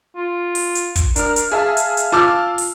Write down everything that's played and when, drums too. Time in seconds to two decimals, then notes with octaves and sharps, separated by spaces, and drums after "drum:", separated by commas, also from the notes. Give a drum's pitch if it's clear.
0.16 F4
0.55 drum: open hi-hat
0.75 drum: hi-hat
0.96 drum: kick, hi-hat
1.16 D4 A#4 F6, drum: hi-hat
1.36 drum: hi-hat
1.52 G#4 E5 F5 A5
1.77 drum: hi-hat
1.97 drum: hi-hat
2.12 F4 A5 D6 E6 F6
2.58 drum: open hi-hat